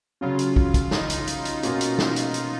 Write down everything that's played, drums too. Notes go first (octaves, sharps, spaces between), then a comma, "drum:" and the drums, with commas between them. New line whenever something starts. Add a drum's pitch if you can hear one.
C#3 F#3 C#4 F4
drum: hi-hat
drum: kick
drum: kick, hi-hat
D#4, drum: snare
drum: hi-hat
drum: hi-hat
drum: hi-hat
B2 A#3 C#4 F4, drum: hi-hat
drum: hi-hat
drum: snare
drum: hi-hat
drum: hi-hat